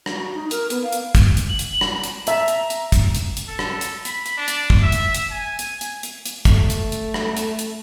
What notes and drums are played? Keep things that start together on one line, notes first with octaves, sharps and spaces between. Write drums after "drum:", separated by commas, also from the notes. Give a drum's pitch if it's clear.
F#4, drum: rim click
D#4
A#4, drum: hi-hat
B3, drum: hi-hat
F5
drum: hi-hat
drum: kick, hi-hat
drum: hi-hat
F#7
drum: hi-hat
drum: rim click
drum: hi-hat
E5 A5 A#5, drum: hi-hat
drum: hi-hat
drum: hi-hat
drum: kick, hi-hat
drum: hi-hat
drum: hi-hat
A4
drum: rim click
drum: hi-hat
B5, drum: hi-hat
drum: hi-hat
D4
drum: hi-hat
drum: kick
E5
drum: hi-hat
drum: hi-hat
G#5
drum: hi-hat
drum: hi-hat
drum: hi-hat
drum: hi-hat
A3, drum: kick, hi-hat
drum: hi-hat
drum: hi-hat
drum: rim click
drum: hi-hat
drum: hi-hat